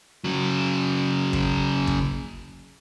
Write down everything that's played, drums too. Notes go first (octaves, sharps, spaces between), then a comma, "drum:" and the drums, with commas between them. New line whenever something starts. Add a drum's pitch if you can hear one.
C#3 F#3
drum: kick
drum: kick